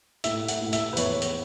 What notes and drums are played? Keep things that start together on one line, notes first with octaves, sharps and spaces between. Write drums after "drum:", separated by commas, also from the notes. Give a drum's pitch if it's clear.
A2 E5, drum: hi-hat
F#5, drum: hi-hat
A2
E5, drum: hi-hat
B4
E2 C#5, drum: hi-hat
drum: hi-hat